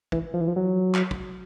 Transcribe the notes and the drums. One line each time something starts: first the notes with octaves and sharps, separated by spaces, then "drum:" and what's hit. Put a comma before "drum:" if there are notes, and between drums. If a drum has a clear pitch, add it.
E3, drum: kick
F3
E3
F3
F#3
drum: clap
drum: kick